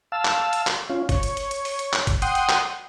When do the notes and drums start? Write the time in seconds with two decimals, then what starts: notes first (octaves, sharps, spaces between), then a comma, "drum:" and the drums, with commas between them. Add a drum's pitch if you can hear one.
0.12 F5 A5 E6
0.25 drum: clap
0.53 drum: hi-hat
0.67 drum: clap
0.90 C#4 F4
1.09 C#5, drum: kick F#1, hi-hat
1.23 drum: hi-hat
1.37 drum: hi-hat
1.51 drum: hi-hat
1.65 drum: open hi-hat
1.79 drum: hi-hat
1.93 drum: clap
2.07 drum: kick F#1, hi-hat
2.22 F#5 G5 C6 D#6, drum: hi-hat
2.35 drum: hi-hat
2.49 drum: clap